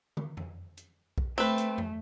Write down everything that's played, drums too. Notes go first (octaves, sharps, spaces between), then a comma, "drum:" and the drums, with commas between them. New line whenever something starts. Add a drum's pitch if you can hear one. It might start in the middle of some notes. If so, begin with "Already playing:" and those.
drum: tom
drum: tom F2
drum: hi-hat
drum: kick B1
A3 C4 B4
drum: hi-hat
drum: tom F2